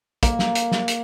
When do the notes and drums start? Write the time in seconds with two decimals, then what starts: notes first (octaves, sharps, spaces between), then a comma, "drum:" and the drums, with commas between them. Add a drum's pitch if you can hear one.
0.23 A#3, drum: kick, hi-hat
0.39 drum: snare
0.55 drum: hi-hat
0.71 drum: snare
0.88 drum: hi-hat